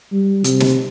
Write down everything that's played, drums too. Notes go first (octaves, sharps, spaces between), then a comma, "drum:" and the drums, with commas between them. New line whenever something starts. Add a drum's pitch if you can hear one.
G3
C3, drum: hi-hat
drum: snare